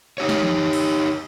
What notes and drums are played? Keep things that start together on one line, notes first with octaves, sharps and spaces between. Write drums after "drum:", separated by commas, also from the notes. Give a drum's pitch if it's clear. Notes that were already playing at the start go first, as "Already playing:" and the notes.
D#4 G4 C#5
drum: snare
drum: tom E3
drum: cymbal